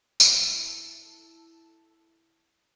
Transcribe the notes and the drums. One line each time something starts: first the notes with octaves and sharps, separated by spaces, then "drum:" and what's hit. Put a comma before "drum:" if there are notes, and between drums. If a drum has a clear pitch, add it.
drum: tambourine
E4 A4